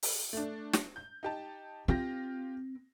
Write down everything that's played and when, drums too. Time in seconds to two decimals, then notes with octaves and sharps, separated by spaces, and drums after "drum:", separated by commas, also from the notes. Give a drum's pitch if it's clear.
0.03 drum: open hi-hat
0.33 A3 D4
0.73 drum: snare
0.96 G6
1.23 D#4 G4 A5
1.88 C4 F4 G4 A#6